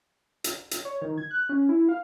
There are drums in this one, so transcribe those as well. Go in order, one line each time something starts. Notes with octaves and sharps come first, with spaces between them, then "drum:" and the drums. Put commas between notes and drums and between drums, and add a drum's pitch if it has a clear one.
drum: hi-hat
drum: hi-hat
C#5
D#3
G#6
F#6
C#4
E4
F5